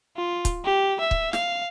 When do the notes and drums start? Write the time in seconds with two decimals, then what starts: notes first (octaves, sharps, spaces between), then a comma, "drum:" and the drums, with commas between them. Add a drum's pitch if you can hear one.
0.17 F4
0.45 drum: kick, hi-hat
0.65 G4
1.00 E5
1.11 drum: kick
1.33 F5, drum: snare